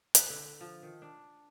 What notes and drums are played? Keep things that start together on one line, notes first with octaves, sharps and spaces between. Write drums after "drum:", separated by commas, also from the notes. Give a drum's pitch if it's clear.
B4, drum: hi-hat
D3
F3
D#3
D4